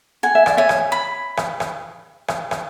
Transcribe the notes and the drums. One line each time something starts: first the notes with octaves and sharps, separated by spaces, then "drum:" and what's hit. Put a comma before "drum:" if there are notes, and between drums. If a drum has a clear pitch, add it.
F#5 G#5
E5
D5, drum: rim click
C#5 E5 G#5
drum: rim click
B5
drum: rim click
drum: rim click
drum: rim click
drum: rim click